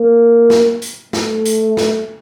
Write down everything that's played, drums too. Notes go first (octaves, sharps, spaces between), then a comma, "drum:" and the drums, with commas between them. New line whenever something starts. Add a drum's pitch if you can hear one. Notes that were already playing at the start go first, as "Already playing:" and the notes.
Already playing: A#3
drum: snare
drum: hi-hat
A3, drum: snare
drum: hi-hat
drum: snare